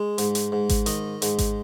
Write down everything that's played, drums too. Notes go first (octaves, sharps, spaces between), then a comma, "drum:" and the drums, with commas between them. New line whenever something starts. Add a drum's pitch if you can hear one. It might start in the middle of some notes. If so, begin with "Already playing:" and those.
Already playing: G#3
G#2, drum: hi-hat
drum: hi-hat
G#2
drum: kick G#1, hi-hat
D#3 D#5, drum: hi-hat
G#2, drum: hi-hat
drum: kick G#1, hi-hat